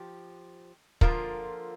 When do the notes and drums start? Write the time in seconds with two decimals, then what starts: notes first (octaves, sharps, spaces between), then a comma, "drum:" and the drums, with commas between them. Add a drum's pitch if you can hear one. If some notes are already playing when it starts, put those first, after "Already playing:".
Already playing: F3 G4
1.01 D3 F3 A#3 F4 A#4, drum: kick